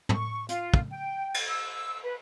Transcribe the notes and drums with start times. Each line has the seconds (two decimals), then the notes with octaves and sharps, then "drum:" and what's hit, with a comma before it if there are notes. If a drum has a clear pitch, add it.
0.09 C#6, drum: tom
0.49 F4, drum: hi-hat
0.74 drum: kick
0.90 G5
1.34 drum: cymbal
1.48 E6
2.03 B4